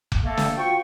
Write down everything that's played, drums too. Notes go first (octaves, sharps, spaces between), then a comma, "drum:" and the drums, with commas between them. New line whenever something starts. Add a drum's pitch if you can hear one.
drum: kick F1
A3 A#3 A4
drum: snare
F4 F#4 C5 G5 C#6